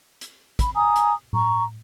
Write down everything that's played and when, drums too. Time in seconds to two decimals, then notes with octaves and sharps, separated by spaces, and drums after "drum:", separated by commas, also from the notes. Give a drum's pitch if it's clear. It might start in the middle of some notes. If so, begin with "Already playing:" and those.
0.21 drum: hi-hat
0.59 B5, drum: kick, hi-hat
0.74 G#5 A#5 D#6
0.96 drum: hi-hat
1.33 A#5 C#6, drum: tom A2